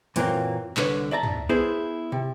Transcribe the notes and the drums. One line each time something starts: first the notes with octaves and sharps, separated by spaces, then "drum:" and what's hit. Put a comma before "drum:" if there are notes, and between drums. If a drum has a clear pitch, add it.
F#2 A#2 E3 F#3 A#3 C4, drum: hi-hat
C2 D3 B4 C#5, drum: clap
D5 E5 A5 A#5
drum: tom
B3 E4 G#4 B4 C5
C3